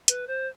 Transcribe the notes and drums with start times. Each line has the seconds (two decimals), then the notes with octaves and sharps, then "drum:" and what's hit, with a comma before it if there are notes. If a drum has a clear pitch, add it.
0.08 B4, drum: hi-hat
0.27 C5